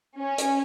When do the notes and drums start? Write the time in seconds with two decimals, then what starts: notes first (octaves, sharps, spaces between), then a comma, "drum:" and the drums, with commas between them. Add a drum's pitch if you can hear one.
0.18 C#4
0.38 drum: hi-hat